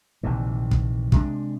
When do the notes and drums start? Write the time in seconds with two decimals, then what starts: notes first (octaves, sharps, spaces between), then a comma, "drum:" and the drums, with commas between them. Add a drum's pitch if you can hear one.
0.23 A#1 C3 D#3 E3
0.71 drum: kick
1.12 C3 G#3 C#4 D4, drum: kick